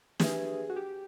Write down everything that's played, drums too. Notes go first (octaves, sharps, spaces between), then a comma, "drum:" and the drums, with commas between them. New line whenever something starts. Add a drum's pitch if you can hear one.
D4 G4 G#4 B4 E5, drum: snare
F#4
G4